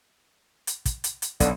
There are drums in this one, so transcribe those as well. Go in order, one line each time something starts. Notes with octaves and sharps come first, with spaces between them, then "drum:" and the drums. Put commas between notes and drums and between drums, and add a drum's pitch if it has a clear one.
drum: hi-hat
drum: kick, hi-hat
drum: hi-hat
drum: hi-hat
B1 D3, drum: kick, hi-hat